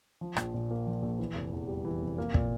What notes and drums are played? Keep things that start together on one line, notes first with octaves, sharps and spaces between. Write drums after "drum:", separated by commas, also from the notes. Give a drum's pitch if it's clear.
F3
A#1, drum: rim click
A#2
A#3
F3
A#1
E3
F1
E2
G3
E3
F1
A#3
A#2, drum: kick